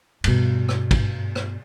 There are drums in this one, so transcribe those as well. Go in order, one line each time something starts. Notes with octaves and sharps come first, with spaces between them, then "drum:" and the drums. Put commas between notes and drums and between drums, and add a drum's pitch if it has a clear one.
G2 B2, drum: cymbal
drum: rim click
drum: kick, cymbal
drum: rim click